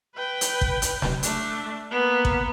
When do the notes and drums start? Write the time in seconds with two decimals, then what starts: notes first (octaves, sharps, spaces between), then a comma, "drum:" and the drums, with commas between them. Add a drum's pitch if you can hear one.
0.16 B4 G5
0.41 drum: hi-hat
0.61 drum: kick A1
0.82 drum: hi-hat
1.02 drum: snare
1.23 A3 D4, drum: hi-hat
1.91 A#3 B3
2.25 drum: kick A1